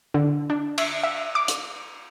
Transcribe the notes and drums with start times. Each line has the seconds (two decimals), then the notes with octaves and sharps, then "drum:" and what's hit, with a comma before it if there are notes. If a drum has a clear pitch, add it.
0.14 D3
0.50 D4
0.78 E5, drum: cymbal
1.03 E5
1.35 D6
1.48 drum: hi-hat